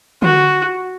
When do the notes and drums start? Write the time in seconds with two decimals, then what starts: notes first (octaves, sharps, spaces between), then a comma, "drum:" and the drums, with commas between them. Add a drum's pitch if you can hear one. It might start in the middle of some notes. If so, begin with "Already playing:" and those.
0.22 F#4, drum: tom D3